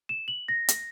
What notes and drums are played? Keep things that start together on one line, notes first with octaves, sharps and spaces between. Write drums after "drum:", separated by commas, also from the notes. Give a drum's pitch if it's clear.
E7
F#7
A#6
drum: hi-hat